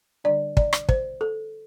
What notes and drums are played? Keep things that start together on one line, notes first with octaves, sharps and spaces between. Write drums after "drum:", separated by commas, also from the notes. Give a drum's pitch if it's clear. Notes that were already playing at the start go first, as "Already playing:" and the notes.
D3 G3 D4 D5
D5, drum: kick
drum: rim click
C5, drum: kick
A4